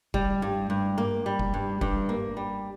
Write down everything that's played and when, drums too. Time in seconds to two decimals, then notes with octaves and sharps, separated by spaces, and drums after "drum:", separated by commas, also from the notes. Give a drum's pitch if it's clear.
0.14 G3, drum: kick F1
0.42 G2
0.70 G2
0.98 A#3
1.26 G3
1.39 drum: kick F1
1.54 G2
1.81 G2, drum: kick F1
2.09 A#3
2.37 G3